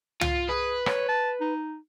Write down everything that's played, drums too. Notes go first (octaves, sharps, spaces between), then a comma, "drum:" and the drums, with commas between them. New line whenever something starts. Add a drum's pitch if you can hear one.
F4, drum: tom
G#4 B4
C#5, drum: rim click
A5
D#4